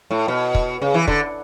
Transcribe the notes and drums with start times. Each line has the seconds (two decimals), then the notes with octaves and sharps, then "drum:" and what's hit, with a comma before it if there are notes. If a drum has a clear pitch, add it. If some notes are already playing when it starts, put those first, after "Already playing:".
0.11 A2
0.28 B2
0.55 drum: kick
0.82 C#3
0.94 E3
1.08 D3, drum: kick